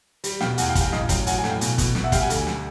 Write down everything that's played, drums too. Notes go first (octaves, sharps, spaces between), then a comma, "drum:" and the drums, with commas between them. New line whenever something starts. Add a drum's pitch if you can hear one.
G3, drum: hi-hat
B2 F5 G5, drum: snare
E2 F#5 G#5, drum: hi-hat
F5 G5
G3, drum: kick, hi-hat
F5 G5
A1 D#5 F5, drum: snare
F#3 F5 G5, drum: kick, hi-hat
F#3 F#5 G#5, drum: hi-hat
F#5 G#5
A2, drum: snare
F5 G5
B2, drum: hi-hat
B2, drum: kick, hi-hat
B2, drum: snare
E5 F#5
G3 F5 G5, drum: kick, hi-hat
F#5 G#5
D2, drum: hi-hat
drum: snare